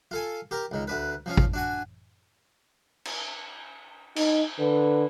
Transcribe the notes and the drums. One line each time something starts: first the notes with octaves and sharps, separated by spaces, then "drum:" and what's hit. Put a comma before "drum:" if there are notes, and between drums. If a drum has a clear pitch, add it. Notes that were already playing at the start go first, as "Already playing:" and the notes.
F4 A4 G#5
G4 A#4
C#2 D#3
D2 D4 B4
F3 C#4 F4
drum: kick G#1
D4 F#4 G#5
drum: cymbal
D#4, drum: cymbal
D3 B4